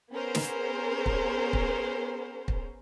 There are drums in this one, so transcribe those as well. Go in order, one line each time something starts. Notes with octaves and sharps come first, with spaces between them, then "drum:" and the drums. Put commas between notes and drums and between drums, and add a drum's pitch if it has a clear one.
B3 C#4 G#4 A#4 C5
drum: snare
drum: kick
drum: kick
drum: kick